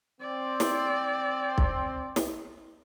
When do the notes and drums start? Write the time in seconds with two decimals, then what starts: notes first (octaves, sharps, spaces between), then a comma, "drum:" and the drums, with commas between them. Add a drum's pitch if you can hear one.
0.21 C4 D5
0.60 drum: snare
1.58 drum: kick B1
2.16 drum: snare